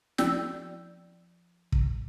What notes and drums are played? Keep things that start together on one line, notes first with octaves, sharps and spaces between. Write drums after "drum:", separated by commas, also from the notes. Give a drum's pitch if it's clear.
F3 E4 D5 G5 E6 G6, drum: snare
drum: kick